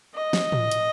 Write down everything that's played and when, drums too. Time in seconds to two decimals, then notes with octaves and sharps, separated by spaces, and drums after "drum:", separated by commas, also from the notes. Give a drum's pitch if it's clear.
0.15 D#5
0.33 drum: snare
0.52 drum: tom A2
0.71 drum: hi-hat